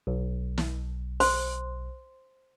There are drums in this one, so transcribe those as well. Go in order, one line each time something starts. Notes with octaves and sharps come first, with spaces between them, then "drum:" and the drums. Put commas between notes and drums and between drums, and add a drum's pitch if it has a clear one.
B1
drum: snare
C5 C6, drum: open hi-hat